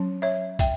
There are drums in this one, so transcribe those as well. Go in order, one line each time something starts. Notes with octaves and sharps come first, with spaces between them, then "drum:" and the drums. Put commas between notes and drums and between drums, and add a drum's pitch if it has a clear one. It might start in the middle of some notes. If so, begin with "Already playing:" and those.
Already playing: F#3 C#4
C#5 E5
E5 G5, drum: kick, hi-hat